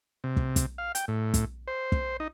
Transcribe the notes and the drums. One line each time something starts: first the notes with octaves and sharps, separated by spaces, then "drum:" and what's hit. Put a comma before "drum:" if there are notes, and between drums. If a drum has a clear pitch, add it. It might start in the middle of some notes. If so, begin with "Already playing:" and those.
C3
drum: kick
drum: kick, hi-hat
F5
G5, drum: hi-hat
A2
drum: kick, hi-hat
C5
drum: kick
D#4